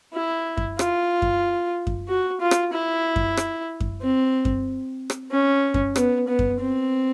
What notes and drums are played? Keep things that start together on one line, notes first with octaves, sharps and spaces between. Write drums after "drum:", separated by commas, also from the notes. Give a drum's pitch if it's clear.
E4
drum: kick F#2
F4, drum: rim click
drum: kick F#2
drum: kick F#2
F#4
F4
drum: rim click
E4
drum: kick F#2
drum: rim click
drum: kick F#2
C4
drum: kick F#2
drum: rim click
C#4
drum: kick F#2
B3, drum: rim click
B3
drum: kick F#2
C4